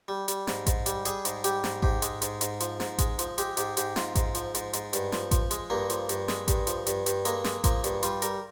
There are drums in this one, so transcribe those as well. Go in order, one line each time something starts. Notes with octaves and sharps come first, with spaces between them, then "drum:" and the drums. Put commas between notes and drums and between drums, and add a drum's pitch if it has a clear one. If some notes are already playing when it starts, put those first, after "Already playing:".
G3
G3, drum: hi-hat
G#2, drum: snare
G#2, drum: kick A1, hi-hat
G3, drum: hi-hat
G3 G#4, drum: hi-hat
G#2, drum: hi-hat
G3 G4, drum: hi-hat
G#2, drum: snare
G#2 G4, drum: kick A1
G#3, drum: hi-hat
G#2, drum: hi-hat
G#2, drum: hi-hat
F3, drum: hi-hat
G#2, drum: snare
G#3, drum: kick A1, hi-hat
F3, drum: hi-hat
G#3 G4, drum: hi-hat
G#2 G4, drum: hi-hat
G#2 G4, drum: hi-hat
G#2 F4, drum: snare
G#2, drum: kick A1, hi-hat
F3, drum: hi-hat
G#2, drum: hi-hat
G#2, drum: hi-hat
G2, drum: hi-hat
F3, drum: snare
F3, drum: kick A1, hi-hat
G#3, drum: hi-hat
G2 A#3
F3, drum: hi-hat
G2, drum: hi-hat
G#3, drum: snare
G2, drum: kick A1, hi-hat
F3, drum: hi-hat
G2, drum: hi-hat
G2, drum: hi-hat
G#3 A#3, drum: hi-hat
G#3, drum: snare
F3 A#3, drum: kick A1, hi-hat
G2, drum: hi-hat
G3 F4, drum: hi-hat
G3 A#4, drum: hi-hat